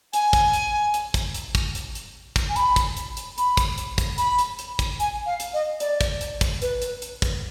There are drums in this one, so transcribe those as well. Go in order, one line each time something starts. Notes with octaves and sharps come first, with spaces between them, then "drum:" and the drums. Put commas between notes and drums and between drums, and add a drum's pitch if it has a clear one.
G#5, drum: hi-hat
drum: kick, hi-hat
drum: hi-hat
drum: hi-hat
drum: kick, hi-hat
drum: hi-hat
drum: kick, hi-hat
drum: hi-hat
drum: hi-hat
drum: kick, hi-hat
G#5
B5, drum: hi-hat
drum: kick, hi-hat
drum: hi-hat
drum: hi-hat
B5, drum: hi-hat
drum: kick, hi-hat
drum: hi-hat
drum: kick, hi-hat
B5, drum: hi-hat
drum: hi-hat
drum: hi-hat
drum: kick, hi-hat
G#5, drum: hi-hat
F5
drum: hi-hat
D#5
D5, drum: hi-hat
drum: kick, hi-hat
drum: hi-hat
drum: kick, hi-hat
B4, drum: hi-hat
drum: hi-hat
drum: hi-hat
drum: kick, hi-hat